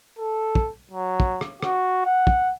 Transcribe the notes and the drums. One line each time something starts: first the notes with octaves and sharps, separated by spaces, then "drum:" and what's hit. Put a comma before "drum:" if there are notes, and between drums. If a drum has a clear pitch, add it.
A4
drum: kick
F#3
drum: kick
drum: rim click
F#4, drum: rim click
F#5
drum: kick